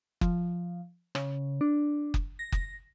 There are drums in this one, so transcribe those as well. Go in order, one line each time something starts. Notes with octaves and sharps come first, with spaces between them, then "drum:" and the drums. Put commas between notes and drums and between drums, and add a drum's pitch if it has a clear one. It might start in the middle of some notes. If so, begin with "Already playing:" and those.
F3, drum: kick F#1
C#3, drum: rim click
D4
drum: kick F#1
A#6
drum: kick F#1